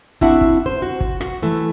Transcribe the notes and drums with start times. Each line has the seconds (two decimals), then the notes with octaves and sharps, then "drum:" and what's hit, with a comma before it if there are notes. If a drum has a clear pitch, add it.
0.21 C4 D4 E4 F#4 E5 F#5, drum: kick
0.41 drum: kick
0.66 C5
0.82 F#4
1.00 drum: kick
1.21 F#4, drum: rim click
1.43 E3 A3